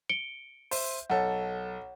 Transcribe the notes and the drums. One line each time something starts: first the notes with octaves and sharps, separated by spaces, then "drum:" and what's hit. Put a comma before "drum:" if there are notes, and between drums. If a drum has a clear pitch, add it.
C#7 D7 G7
C5 E5, drum: open hi-hat
B1 A4 C#5 F#5